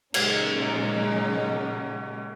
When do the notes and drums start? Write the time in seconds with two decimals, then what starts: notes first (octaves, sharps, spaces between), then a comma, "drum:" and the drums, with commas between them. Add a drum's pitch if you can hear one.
0.14 A#2 C#3 F#3 G#3 C#4 D#4, drum: cymbal